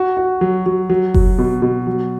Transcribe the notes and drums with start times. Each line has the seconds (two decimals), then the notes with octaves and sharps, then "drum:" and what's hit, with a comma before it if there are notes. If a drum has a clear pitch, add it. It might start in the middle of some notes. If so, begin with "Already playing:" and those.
Already playing: F#4
0.17 F#4
0.41 F#3
0.66 F#3
0.90 F#3
1.14 F#3, drum: kick F#1
1.38 B2
1.62 B2
1.87 F#3